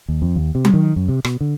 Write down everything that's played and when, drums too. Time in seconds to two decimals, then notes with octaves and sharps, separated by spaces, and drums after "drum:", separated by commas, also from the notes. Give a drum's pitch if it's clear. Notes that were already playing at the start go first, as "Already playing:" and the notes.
0.08 D#2
0.22 F2
0.36 D#2
0.55 C3
0.65 drum: tom F#3
0.74 D#3
0.96 F#2
1.09 C3
1.25 B2, drum: rim click
1.41 D3